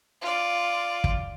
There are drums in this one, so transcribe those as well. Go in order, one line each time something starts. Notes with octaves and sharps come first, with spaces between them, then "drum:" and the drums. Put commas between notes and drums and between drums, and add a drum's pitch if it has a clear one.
F4 D5
drum: kick